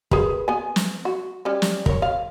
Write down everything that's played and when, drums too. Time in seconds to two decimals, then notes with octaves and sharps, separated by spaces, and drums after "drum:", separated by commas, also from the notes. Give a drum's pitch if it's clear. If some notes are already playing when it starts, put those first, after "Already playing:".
0.11 G#4 A#4 B4, drum: kick
0.48 B3 G#5
0.76 drum: snare
1.05 F#4
1.45 G3 C#4
1.62 drum: snare
1.86 A#4 C#5, drum: kick
2.02 F5